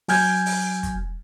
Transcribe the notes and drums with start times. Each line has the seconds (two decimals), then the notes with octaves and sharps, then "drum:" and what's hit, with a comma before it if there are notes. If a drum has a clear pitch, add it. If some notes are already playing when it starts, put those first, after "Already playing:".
0.08 F#3 G#5 F6 G6 G#6, drum: open hi-hat
0.46 drum: open hi-hat
0.83 drum: kick, hi-hat